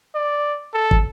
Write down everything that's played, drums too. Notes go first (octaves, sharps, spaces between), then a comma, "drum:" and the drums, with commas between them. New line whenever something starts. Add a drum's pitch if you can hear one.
D5
A4
drum: kick